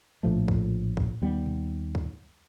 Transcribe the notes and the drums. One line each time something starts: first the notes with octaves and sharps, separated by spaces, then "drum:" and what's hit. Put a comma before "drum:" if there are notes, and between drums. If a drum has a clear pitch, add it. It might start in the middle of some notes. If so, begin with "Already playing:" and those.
A#1 A2 F3 A3
drum: kick
drum: kick
D#2 G3 B3
drum: tom B2
drum: kick